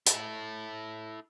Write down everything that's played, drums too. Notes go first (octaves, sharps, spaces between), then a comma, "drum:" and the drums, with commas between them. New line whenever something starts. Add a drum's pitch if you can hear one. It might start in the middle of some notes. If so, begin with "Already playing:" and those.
E4 A4, drum: hi-hat